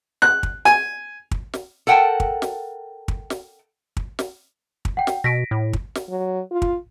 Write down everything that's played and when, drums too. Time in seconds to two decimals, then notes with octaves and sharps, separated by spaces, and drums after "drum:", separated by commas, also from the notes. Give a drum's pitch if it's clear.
0.22 F#6
0.43 drum: kick
0.65 G#5, drum: snare
1.31 drum: kick
1.54 drum: snare
1.87 A4 A#4 F#5 G5 A5
2.20 drum: kick
2.42 drum: snare
3.08 drum: kick
3.30 drum: snare
3.97 drum: kick
4.19 drum: snare
4.85 drum: kick
4.97 F#5 G5
5.07 drum: snare
5.24 B2 A#6 B6 D7
5.51 A2
5.73 drum: kick
5.95 drum: snare
6.09 F#3
6.51 F4
6.62 drum: kick